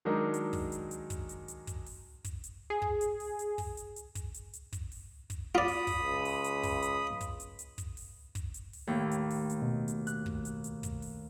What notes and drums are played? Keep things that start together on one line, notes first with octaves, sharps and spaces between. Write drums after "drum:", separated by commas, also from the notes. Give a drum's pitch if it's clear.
D#3 F#3 G#3 D4 D#4 A#4
drum: hi-hat
drum: kick, open hi-hat
drum: hi-hat
drum: hi-hat
drum: kick, hi-hat
drum: hi-hat
drum: hi-hat
drum: kick, hi-hat
drum: open hi-hat
drum: kick, hi-hat
drum: hi-hat
G#4
drum: kick
drum: hi-hat
drum: open hi-hat
drum: hi-hat
drum: kick, open hi-hat
drum: hi-hat
drum: hi-hat
drum: kick, hi-hat
drum: hi-hat
drum: hi-hat
drum: kick, hi-hat
drum: open hi-hat
drum: kick, hi-hat
F4 D5 B5 D#6
drum: open hi-hat
drum: kick, open hi-hat
C#2
drum: open hi-hat
drum: hi-hat
drum: kick, open hi-hat
drum: hi-hat
drum: kick, hi-hat
drum: hi-hat
drum: hi-hat
drum: kick, hi-hat
drum: open hi-hat
drum: kick, hi-hat
drum: hi-hat
drum: open hi-hat
D#2 A2
drum: hi-hat
drum: open hi-hat
drum: hi-hat
B2
drum: hi-hat
F#6, drum: hi-hat
drum: kick
drum: hi-hat
drum: hi-hat
drum: kick, hi-hat
drum: open hi-hat